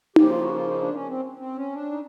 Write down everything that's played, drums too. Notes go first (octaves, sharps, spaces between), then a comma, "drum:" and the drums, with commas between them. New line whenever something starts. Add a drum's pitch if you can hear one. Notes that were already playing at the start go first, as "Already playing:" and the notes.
C#3 F3 A#3 G4, drum: tom D#4
F4
F#4
F4
D#4
D4
C#4
C4
C4
C#4
D4
D#4